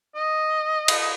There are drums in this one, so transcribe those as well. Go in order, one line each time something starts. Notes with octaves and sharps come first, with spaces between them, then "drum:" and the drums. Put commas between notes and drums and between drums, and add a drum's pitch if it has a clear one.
D#5
drum: cymbal